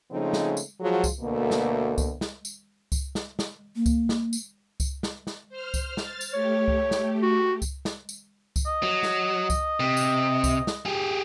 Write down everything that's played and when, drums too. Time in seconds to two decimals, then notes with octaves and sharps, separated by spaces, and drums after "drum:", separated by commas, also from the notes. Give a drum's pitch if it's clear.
0.11 C#3 F3 G#3 A3 C4 D#4
0.33 drum: snare
0.57 drum: tambourine
0.81 F3 F#3 G#3 F4 F#4 G#4
1.04 drum: kick C#2, tambourine
1.20 D2 B2 A3 A#3
1.51 drum: snare
1.98 drum: kick C#2, tambourine
2.21 drum: snare
2.45 drum: tambourine
2.92 drum: kick C#2, tambourine
3.15 drum: snare
3.39 drum: snare
3.76 A#3
3.86 drum: kick C#2, tambourine
4.09 drum: snare
4.33 drum: tambourine
4.80 drum: kick C#2, tambourine
5.03 drum: snare
5.27 drum: snare
5.49 C5 F6
5.74 drum: kick C#2, tambourine
5.97 F6 A6, drum: snare
6.21 drum: tambourine
6.33 A3 G4 C#5
6.68 drum: kick C#2
6.91 drum: snare
7.22 F#4
7.62 drum: kick C#2, tambourine
7.85 drum: snare
8.09 drum: tambourine
8.56 drum: kick C#2, tambourine
8.66 D#5
8.83 F#3
9.03 drum: snare
9.50 drum: kick C#2, tambourine
9.80 C3
9.97 drum: tambourine
10.44 drum: kick C#2, tambourine
10.67 drum: snare
10.86 G4 G#4